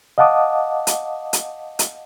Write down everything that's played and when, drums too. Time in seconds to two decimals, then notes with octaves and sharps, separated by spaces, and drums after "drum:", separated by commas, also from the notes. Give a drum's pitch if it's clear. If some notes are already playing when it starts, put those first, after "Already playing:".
0.18 D#5 F5 F#5 A5 D6 D#6
0.87 drum: hi-hat
1.33 drum: hi-hat
1.79 drum: hi-hat